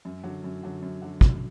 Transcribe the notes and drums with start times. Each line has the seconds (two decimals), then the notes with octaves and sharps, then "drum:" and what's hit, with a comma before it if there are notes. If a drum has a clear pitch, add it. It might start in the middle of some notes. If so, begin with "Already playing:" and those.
0.05 F#2
0.24 D3 F#3
0.44 F#2
0.63 D3 F#3
0.82 F#2
1.02 D3 F#3
1.21 F#2, drum: kick